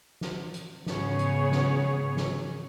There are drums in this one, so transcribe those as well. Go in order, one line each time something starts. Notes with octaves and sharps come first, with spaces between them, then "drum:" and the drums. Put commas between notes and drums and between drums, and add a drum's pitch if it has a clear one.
drum: snare
drum: hi-hat
G#2 C#3 B3 G#4 C#5, drum: snare
drum: hi-hat
drum: snare
drum: snare